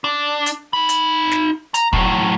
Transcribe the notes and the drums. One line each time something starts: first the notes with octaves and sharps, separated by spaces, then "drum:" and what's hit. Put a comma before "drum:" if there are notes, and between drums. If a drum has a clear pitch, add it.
D4
drum: hi-hat
D#4 B5
drum: hi-hat
drum: snare
A#5, drum: hi-hat
A2 F#3, drum: kick